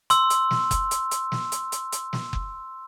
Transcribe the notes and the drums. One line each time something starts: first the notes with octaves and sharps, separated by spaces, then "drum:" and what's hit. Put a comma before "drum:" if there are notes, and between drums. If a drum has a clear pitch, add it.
C6 E6, drum: hi-hat
drum: hi-hat
drum: snare
drum: kick F#1, hi-hat
drum: hi-hat
drum: hi-hat
drum: snare
drum: hi-hat
drum: hi-hat
drum: hi-hat
drum: snare
drum: kick F#1